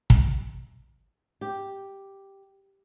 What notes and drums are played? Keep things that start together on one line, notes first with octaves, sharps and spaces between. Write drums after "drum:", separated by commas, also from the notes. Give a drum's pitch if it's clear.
drum: kick
G4